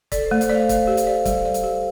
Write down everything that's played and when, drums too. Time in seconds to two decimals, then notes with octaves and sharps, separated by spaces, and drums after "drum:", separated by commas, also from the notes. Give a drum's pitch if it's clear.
0.12 A4 D5, drum: kick C#1, hi-hat
0.26 C5
0.31 A3
0.41 C5, drum: hi-hat
0.50 D5 F5
0.69 D5, drum: kick C#1, hi-hat
0.87 G4
0.97 drum: hi-hat
1.07 D5
1.25 G3, drum: kick C#1, hi-hat
1.45 D5
1.54 drum: hi-hat
1.63 G4